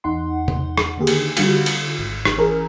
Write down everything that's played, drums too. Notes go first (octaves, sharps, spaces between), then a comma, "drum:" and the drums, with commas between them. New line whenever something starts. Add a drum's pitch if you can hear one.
E2 D#4 F#5 C6
drum: tom C3
drum: rim click
D3 D#3 A#3 G4 G#4
drum: cymbal
D3 G3 F4 F#4, drum: cymbal
drum: cymbal
G#1
drum: rim click
E3 C#4 G#4 A#4